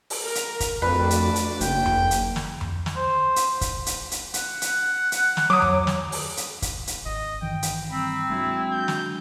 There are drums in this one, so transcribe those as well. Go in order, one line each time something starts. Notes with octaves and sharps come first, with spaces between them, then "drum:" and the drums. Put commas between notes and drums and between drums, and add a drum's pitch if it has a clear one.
drum: open hi-hat
A#4
drum: hi-hat
drum: kick, hi-hat
F2 A3 D4 F#4 B4 D5
drum: hi-hat
drum: hi-hat
F#1 A#3 G5, drum: hi-hat
drum: tom F2
drum: hi-hat
drum: snare
drum: tom F2
drum: snare
C5
drum: hi-hat
drum: kick, hi-hat
drum: hi-hat
drum: hi-hat
F#5, drum: hi-hat
drum: hi-hat
drum: hi-hat
drum: snare
F#3 D6 D#6
drum: tom F2
drum: snare
drum: open hi-hat
drum: hi-hat
drum: kick, hi-hat
drum: hi-hat
G#1 D#5
G2 D#3 E3 G5
drum: hi-hat
G3 C4 A#5 B5
F#3 G#3 D4 E4 F#4
G6
drum: snare